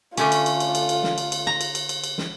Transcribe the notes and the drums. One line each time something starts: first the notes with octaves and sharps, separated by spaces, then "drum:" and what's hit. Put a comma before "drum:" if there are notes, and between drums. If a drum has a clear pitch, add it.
D3 A3 C#4 F4, drum: cymbal
drum: cymbal
drum: cymbal
drum: cymbal
drum: cymbal
drum: cymbal
drum: snare
drum: cymbal
drum: cymbal
A#5
drum: cymbal
drum: cymbal
drum: cymbal
drum: cymbal
drum: snare